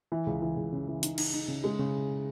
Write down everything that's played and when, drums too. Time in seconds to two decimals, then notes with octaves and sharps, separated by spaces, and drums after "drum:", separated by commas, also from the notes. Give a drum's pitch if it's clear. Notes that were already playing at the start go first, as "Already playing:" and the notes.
0.12 E3
0.27 C#2
0.42 E3
0.56 C#2
0.72 C#3
0.88 E3
1.03 D#4, drum: hi-hat
1.18 D#4, drum: cymbal
1.33 D#4
1.48 C#3
1.64 G#3
1.79 C#3